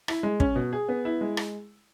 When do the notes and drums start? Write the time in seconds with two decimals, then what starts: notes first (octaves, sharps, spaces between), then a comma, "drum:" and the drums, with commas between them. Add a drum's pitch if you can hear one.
0.08 E4, drum: rim click
0.23 G#3
0.40 C#4, drum: kick
0.56 B2
0.73 G#4
0.89 B3
1.05 E4
1.21 G#3
1.37 drum: rim click